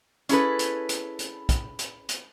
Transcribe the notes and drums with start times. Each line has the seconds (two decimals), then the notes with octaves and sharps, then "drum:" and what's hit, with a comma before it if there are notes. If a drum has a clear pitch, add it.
0.29 C#4 E4 G#4 A4 B4, drum: hi-hat
0.59 drum: hi-hat
0.89 drum: hi-hat
1.19 drum: hi-hat
1.49 drum: kick, hi-hat
1.79 drum: hi-hat
2.09 drum: hi-hat